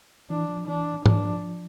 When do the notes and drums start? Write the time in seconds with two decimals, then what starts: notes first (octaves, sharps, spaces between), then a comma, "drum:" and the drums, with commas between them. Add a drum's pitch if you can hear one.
0.30 E3 D4
0.49 F3
0.68 E3 D4
1.06 E3 D4, drum: tom G#2
1.24 F3